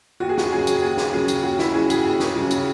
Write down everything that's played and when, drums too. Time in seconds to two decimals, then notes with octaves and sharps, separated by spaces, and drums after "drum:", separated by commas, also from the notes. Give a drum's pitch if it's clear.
0.20 D#2 F#4
0.29 G#4
0.38 F#4, drum: snare
0.51 C#3 F#3 G#4
0.67 drum: hi-hat
0.82 D#2 G#4
0.97 drum: snare
1.13 C#3 F#3 G#4
1.28 drum: hi-hat
1.43 D#2 F#4
1.59 E4, drum: snare
1.73 C#3 F#3 G#4
1.90 G#4, drum: hi-hat
2.05 D#2
2.20 drum: snare
2.35 C#3 F#3
2.50 drum: hi-hat